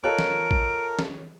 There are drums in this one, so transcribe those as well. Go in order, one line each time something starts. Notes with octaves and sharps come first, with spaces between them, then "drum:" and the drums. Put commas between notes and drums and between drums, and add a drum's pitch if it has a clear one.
F4 A4 A#4 C#5 D#5 F#6 D7
drum: snare
drum: kick A1
drum: snare